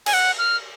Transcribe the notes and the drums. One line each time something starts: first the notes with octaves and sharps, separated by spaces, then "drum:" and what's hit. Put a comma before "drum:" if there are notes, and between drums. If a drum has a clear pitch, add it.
G#5, drum: cymbal
F#5
F6